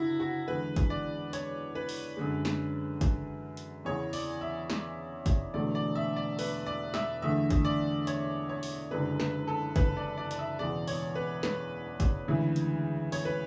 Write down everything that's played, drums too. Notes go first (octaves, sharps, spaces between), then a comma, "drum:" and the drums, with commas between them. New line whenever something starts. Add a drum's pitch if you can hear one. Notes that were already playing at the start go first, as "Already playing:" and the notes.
Already playing: F#1 D3 E4 F#4
F#4
E2 D3 G#3 B4
drum: kick, hi-hat
D5
C#5, drum: hi-hat
B4
drum: open hi-hat
F#2 D3 G#3
drum: snare
drum: kick, hi-hat
drum: hi-hat
E2 C#3 E3 C#5
D5, drum: open hi-hat
E5
drum: snare
drum: kick, hi-hat
E1 E2 D3 F#3 A3 D5
D5
E5
D5
B4, drum: open hi-hat
D5
E5, drum: snare
E2 D3 A3 E5
drum: kick, hi-hat
D5
C#5, drum: hi-hat
C#5
drum: open hi-hat
F#1 F#2 D3 G#3 B4
B4, drum: snare
A4
B4, drum: kick, hi-hat
D5
D5
D5, drum: hi-hat
E5
E1 E2 C#3 D5
C#5, drum: open hi-hat
B4
B4, drum: snare
drum: kick, hi-hat
D2 C#3 E3 G#3
drum: hi-hat
C#5, drum: open hi-hat
B4